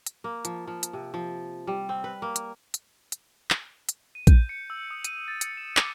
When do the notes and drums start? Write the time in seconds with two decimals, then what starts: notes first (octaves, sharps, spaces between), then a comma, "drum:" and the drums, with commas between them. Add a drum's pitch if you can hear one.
0.06 drum: hi-hat
0.24 A#3
0.45 F3, drum: hi-hat
0.67 F3
0.83 drum: hi-hat
0.93 C3
1.14 F3
1.67 G3
1.89 C4
2.04 B4
2.22 A#3
2.36 drum: hi-hat
2.74 drum: hi-hat
3.12 drum: hi-hat
3.50 drum: clap
3.89 drum: hi-hat
4.15 D#7
4.27 G6, drum: kick A#1, hi-hat
4.49 C#7
4.70 E6
4.91 D#6
5.04 D#7, drum: hi-hat
5.28 A6
5.41 C#7, drum: hi-hat
5.57 E7
5.77 D6, drum: clap